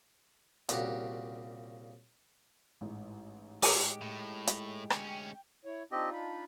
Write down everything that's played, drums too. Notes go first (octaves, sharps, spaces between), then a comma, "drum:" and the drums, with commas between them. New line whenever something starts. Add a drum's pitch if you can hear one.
C2 A#2 C#3 F#4 G4, drum: hi-hat
A1 G#2
G#3 G4 D6 D#7, drum: open hi-hat
A2
drum: hi-hat
D2 C#4 G5, drum: rim click
E4 C#5
C4 D4 D#4 F4 G4 D#5
B5